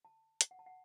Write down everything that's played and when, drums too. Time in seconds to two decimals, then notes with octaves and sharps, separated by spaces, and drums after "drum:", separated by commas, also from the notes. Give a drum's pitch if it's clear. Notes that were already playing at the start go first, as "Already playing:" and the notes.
0.05 A5
0.41 drum: hi-hat
0.51 F#5
0.59 A5
0.66 F#5